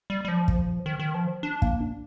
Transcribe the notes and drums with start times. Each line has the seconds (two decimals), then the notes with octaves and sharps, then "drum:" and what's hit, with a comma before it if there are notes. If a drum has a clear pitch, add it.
0.10 G3
0.25 G3
0.28 F3
0.48 drum: kick
0.86 D#3
1.00 D#3
1.14 F3
1.43 D4
1.62 A#3, drum: kick
1.81 D4